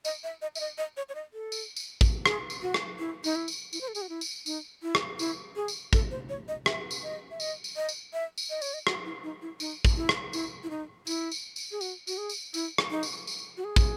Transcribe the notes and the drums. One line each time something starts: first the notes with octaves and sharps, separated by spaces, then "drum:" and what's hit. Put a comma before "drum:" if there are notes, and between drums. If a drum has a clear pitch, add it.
D#5, drum: tambourine
E5
D#5
E5, drum: tambourine
D#5
D#5
C#5
C#5
D#5
A4
drum: tambourine
drum: tambourine
drum: kick, tambourine
G#4, drum: rim click
drum: tambourine
F#4
drum: rim click
E4
D#4, drum: tambourine
E4
drum: tambourine
E4, drum: tambourine
C5
A4
G#4, drum: tambourine
F#4
E4
drum: tambourine
D#4, drum: tambourine
E4
drum: rim click
E4, drum: tambourine
G#4
drum: tambourine
A4, drum: kick, tambourine
C5
C#5
D#5
E5, drum: rim click
drum: tambourine
D#5
E5
D#5, drum: tambourine
drum: tambourine
D#5
drum: tambourine
E5
drum: tambourine
D#5
C#5, drum: tambourine
D#5
F#4, drum: rim click
E4
D#4
E4
D#4, drum: tambourine
drum: kick, tambourine
E4
drum: rim click
E4, drum: tambourine
E4
D#4
E4, drum: tambourine
drum: tambourine
drum: tambourine
G#4
F#4, drum: tambourine
F#4, drum: tambourine
G#4
drum: tambourine
E4, drum: tambourine
drum: rim click
D#4
drum: tambourine
drum: tambourine
F#4
G#4
drum: kick, tambourine